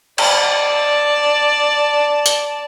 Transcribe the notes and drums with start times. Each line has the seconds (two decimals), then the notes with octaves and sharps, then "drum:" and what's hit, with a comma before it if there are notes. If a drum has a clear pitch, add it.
0.18 D5 A5, drum: cymbal
2.26 drum: hi-hat